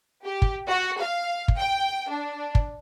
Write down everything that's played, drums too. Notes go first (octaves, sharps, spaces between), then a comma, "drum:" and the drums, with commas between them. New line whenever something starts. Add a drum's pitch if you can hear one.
G4
drum: kick
F#4
F5
drum: kick
G5
D4
drum: kick